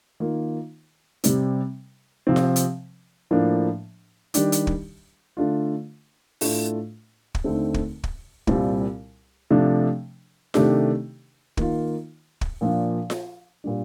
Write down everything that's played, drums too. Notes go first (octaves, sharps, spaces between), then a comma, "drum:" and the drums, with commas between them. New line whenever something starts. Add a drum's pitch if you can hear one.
D#3 A#3 F4
C3 G3 C4, drum: hi-hat
C3 F3 C4
drum: snare F4
drum: hi-hat
A2 F3 A#3 D4
D#3 G3 D4 G4, drum: hi-hat
drum: hi-hat
drum: kick
D3 A3 D4 F4
A2 A3 D4 F4, drum: open hi-hat
drum: kick
D#2 D3 A3 C4
drum: kick
drum: kick
C2 A#2 G3 C4 F4, drum: kick
C3 F3 A3 D4
C3 D#3 A3 D4 G4, drum: snare F4
D#3 A#3 F4, drum: kick
drum: kick
A#2 F3 A#3 D4
drum: snare F4
A#2 G3 D4